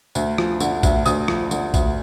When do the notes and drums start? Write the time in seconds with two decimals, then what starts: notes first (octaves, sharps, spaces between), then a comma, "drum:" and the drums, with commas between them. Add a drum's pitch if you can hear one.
0.15 D2, drum: tambourine
0.38 F3, drum: rim click
0.60 D3, drum: tambourine
0.83 D2, drum: kick A#1, tambourine
1.05 D2 D#6, drum: tambourine
1.28 F3, drum: rim click
1.51 D3, drum: tambourine
1.74 D2, drum: kick A#1, tambourine